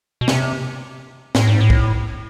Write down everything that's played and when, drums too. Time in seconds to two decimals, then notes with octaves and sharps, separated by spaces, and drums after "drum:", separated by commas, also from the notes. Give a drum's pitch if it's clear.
0.21 B2
0.28 C3, drum: snare
1.35 A2, drum: snare
1.47 G#2
1.61 A2
1.70 drum: kick